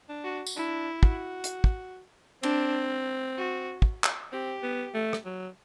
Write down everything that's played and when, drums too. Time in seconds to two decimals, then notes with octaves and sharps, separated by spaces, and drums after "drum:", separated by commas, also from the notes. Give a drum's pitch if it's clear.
0.09 D4
0.24 F#4
0.46 drum: tambourine
0.56 D4 E4
1.03 F#4, drum: kick
1.44 drum: hi-hat
1.64 drum: kick
2.43 C4 D4, drum: cymbal
3.38 F#4
3.82 drum: kick
4.04 drum: clap
4.32 C4 G4
4.63 B3
4.94 A3
5.13 drum: rim click
5.25 F#3